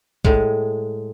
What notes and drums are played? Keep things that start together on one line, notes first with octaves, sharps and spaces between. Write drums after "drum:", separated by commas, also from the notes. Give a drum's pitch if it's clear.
A2 G#3, drum: kick